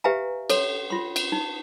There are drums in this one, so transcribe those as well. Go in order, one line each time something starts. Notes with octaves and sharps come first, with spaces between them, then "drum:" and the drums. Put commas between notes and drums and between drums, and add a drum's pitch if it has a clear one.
G4 B4 E5 F5 G#5 A#5
A4 C#5 C6, drum: cymbal
F4 C6
drum: cymbal
D#4